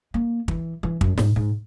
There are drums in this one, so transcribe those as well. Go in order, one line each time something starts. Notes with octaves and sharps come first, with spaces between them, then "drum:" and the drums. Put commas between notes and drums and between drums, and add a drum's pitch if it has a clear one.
A#3
E3, drum: kick
E3
F#2, drum: kick
G#2, drum: snare
G#2